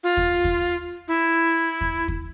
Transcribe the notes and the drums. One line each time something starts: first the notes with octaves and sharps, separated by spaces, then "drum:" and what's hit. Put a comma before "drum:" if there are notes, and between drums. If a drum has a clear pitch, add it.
F4
drum: kick
drum: kick
E4
drum: kick
drum: kick